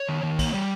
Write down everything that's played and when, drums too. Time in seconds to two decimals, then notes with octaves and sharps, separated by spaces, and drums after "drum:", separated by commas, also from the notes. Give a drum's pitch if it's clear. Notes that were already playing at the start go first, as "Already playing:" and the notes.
Already playing: C#5
0.09 D#3
0.23 D#3
0.39 A#3, drum: kick, cymbal
0.54 G3